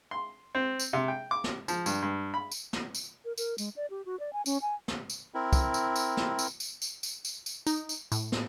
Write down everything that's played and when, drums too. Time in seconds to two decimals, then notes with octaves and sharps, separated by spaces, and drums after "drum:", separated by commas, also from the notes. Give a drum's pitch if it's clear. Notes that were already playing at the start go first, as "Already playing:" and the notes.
0.11 C6
0.55 C4
0.79 drum: tambourine
0.93 C3
1.08 G5
1.31 D6
1.44 drum: snare
1.68 F3, drum: tambourine
1.86 G2, drum: tambourine
2.02 G2
2.34 B5
2.52 drum: tambourine
2.73 drum: snare
2.95 drum: tambourine
3.24 A#4
3.38 A#4, drum: tambourine
3.58 G#3, drum: tambourine
3.76 D5
3.90 G4
4.06 F#4
4.20 D5
4.33 G#5
4.46 C#4, drum: tambourine
4.62 G#5
4.88 drum: snare
5.10 drum: tambourine
5.34 C4 E4 A#4
5.53 drum: kick C2, tambourine
5.74 drum: tambourine
5.96 drum: tambourine
6.17 drum: snare
6.39 drum: tambourine
6.60 drum: tambourine
6.82 drum: tambourine
7.03 drum: tambourine
7.25 drum: tambourine
7.46 drum: tambourine
7.67 D#4, drum: tambourine
7.89 drum: tambourine
8.12 A2, drum: tambourine
8.32 drum: snare